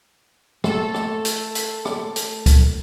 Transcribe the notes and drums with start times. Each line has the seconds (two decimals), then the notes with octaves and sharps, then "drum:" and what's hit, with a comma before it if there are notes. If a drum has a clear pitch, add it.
0.64 A3 A4, drum: rim click
0.94 drum: rim click
1.25 drum: hi-hat
1.55 drum: hi-hat
1.85 drum: rim click
2.16 drum: hi-hat
2.46 drum: kick C#2, hi-hat